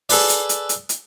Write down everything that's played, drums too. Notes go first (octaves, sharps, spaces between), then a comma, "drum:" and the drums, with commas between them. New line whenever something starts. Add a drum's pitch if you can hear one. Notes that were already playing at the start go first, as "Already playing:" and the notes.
G#4 A4 B4 D5, drum: open hi-hat
drum: hi-hat
drum: hi-hat
drum: hi-hat
drum: hi-hat